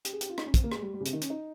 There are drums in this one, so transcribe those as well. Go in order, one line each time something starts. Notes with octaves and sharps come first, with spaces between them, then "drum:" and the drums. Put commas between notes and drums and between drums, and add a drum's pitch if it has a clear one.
G4, drum: hi-hat
G#4
G4, drum: hi-hat
F4
D#4, drum: rim click
C#4
C4, drum: kick, hi-hat
A#3
G#3, drum: rim click
G3
G3
C#3
C3, drum: hi-hat
D#3
C#4, drum: hi-hat
D#4